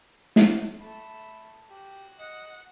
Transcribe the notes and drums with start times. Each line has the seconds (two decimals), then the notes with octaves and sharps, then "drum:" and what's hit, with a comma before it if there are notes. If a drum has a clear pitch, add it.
0.36 drum: snare
0.81 A3 B5
1.70 F#4 G4
2.19 D#5 F#5